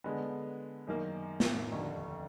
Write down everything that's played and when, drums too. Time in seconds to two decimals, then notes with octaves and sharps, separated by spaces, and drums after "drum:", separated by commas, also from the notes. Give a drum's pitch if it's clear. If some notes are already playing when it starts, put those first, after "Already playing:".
0.04 D3 G#3 B3
0.87 F#2 D#3 A#3
1.40 drum: snare
1.71 F1 D#2 D3